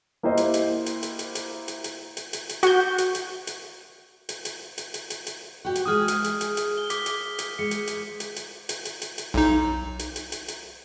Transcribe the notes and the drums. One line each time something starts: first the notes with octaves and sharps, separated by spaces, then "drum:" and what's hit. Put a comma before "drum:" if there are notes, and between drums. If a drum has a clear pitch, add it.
A#3 E4 G4 C5 D#5
drum: hi-hat
drum: hi-hat
drum: hi-hat
drum: hi-hat
drum: hi-hat
drum: hi-hat
drum: hi-hat
drum: hi-hat
drum: hi-hat
drum: hi-hat
drum: hi-hat
F#4 G6, drum: hi-hat
drum: hi-hat
drum: hi-hat
drum: hi-hat
drum: hi-hat
drum: hi-hat
drum: hi-hat
drum: hi-hat
drum: hi-hat
drum: hi-hat
F#4 G4
drum: hi-hat
G#3 G#4 G#5 D#6 F6
drum: hi-hat
drum: hi-hat
drum: hi-hat
drum: hi-hat
G7
D6 B6, drum: hi-hat
drum: hi-hat
drum: hi-hat
G#3 C#7
drum: hi-hat
drum: hi-hat
drum: hi-hat
drum: hi-hat
drum: hi-hat
drum: hi-hat
drum: hi-hat
drum: hi-hat
B1 D#4
drum: hi-hat
drum: hi-hat
drum: hi-hat
drum: hi-hat